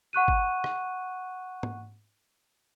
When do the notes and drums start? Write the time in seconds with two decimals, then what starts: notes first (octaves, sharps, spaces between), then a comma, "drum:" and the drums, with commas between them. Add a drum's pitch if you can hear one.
0.13 F#5 C#6 F#6 D#7
0.28 drum: kick
0.64 drum: rim click
1.63 drum: tom G#2